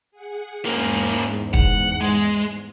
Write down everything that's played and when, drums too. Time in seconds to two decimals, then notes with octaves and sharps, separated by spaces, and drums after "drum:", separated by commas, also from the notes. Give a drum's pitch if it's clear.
0.11 G#4 F#5 C#7
0.65 E2 G#2 A#3 C#4
1.54 F#5, drum: kick
2.01 G#3